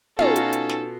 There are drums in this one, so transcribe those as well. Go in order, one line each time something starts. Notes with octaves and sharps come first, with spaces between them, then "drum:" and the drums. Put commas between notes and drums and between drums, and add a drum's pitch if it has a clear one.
B2 C#4 D#4 F4 A4 A#5, drum: tom
drum: hi-hat
drum: hi-hat
drum: snare